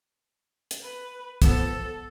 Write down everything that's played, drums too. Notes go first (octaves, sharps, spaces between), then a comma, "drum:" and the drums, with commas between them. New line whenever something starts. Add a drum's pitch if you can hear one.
drum: hi-hat
B4
F3 B3 A4 E7, drum: kick, hi-hat